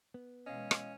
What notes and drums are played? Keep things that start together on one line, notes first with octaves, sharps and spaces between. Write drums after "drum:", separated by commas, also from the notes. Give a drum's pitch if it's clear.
B3
B2 E3 G#3 C#4 D#5 F5
drum: rim click